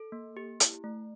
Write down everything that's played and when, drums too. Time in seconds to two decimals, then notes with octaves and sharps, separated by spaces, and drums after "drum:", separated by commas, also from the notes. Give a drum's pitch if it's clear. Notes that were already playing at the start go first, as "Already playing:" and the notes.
Already playing: A4
0.12 A#3
0.37 G4
0.60 E4, drum: hi-hat
0.84 A3